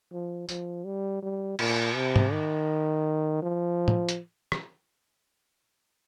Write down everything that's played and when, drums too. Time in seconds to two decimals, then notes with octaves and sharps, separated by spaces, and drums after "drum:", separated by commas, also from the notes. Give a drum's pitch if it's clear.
0.13 F3
0.49 F3, drum: tambourine
0.86 G3
1.23 G3
1.59 A#2, drum: cymbal
1.95 C3
2.16 drum: tom G#2
2.32 D#3
3.43 F3
3.88 drum: tom A2
4.09 drum: hi-hat
4.52 drum: rim click